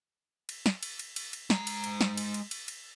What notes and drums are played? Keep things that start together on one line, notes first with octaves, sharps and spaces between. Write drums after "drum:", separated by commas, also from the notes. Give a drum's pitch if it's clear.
drum: cymbal
drum: snare
drum: cymbal
drum: cymbal
drum: cymbal
drum: cymbal
G#3 A#5, drum: snare
drum: cymbal
drum: cymbal
drum: snare
drum: cymbal
drum: cymbal
drum: cymbal
drum: cymbal